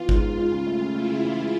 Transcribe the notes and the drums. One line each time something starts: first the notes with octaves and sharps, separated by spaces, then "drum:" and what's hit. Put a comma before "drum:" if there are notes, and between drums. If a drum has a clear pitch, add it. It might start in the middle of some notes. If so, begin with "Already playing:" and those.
Already playing: E3 B3 F4
G#2, drum: kick G#1
G#2
G#2
C#3
A3
C#3
A3 E4
C#3
E3
G#3